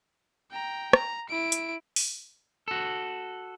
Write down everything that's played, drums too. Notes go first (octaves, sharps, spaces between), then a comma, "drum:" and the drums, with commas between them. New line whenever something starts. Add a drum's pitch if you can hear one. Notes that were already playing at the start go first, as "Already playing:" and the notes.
G5 A#5
A#5, drum: rim click
E4 D7
drum: hi-hat
drum: open hi-hat
F#4 A4